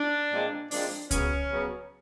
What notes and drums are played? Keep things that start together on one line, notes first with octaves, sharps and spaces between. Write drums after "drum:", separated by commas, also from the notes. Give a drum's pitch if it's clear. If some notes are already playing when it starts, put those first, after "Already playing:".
Already playing: D4
A#2 F3 G#3 C4
A#2 F3 G#3 C4 D4, drum: open hi-hat
C#3 F#3 B3 C#4, drum: kick C#2, hi-hat
C#3 F#3 B3